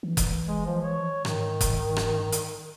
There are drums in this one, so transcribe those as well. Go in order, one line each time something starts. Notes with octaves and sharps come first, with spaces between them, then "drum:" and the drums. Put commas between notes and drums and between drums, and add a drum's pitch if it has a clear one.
E3
drum: kick F#1, hi-hat
G#3
F3
C#5
G#2 D#3, drum: rim click
drum: kick F#1, hi-hat
drum: rim click
drum: hi-hat